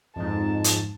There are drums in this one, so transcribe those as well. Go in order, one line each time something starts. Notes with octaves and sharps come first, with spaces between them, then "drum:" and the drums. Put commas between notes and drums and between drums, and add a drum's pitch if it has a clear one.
F2 G#2 A5
drum: hi-hat